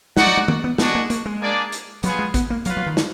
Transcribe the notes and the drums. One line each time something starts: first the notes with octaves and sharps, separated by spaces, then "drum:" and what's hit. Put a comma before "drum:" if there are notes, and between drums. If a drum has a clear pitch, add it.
G#3 D#4 F#4 D5 F#5, drum: snare
F#3
G#3
A#3, drum: tom
B3
G#3 B3 D4 F#4, drum: snare
A#3
A#3, drum: hi-hat
G#3
A#3 D4 G#4 D5
drum: hi-hat
F#3 B3 F4 G#4 B4, drum: hi-hat
G#3
B3, drum: kick, hi-hat
A#3
F#3 F4 B4 F5, drum: hi-hat
F#3
D#3
drum: snare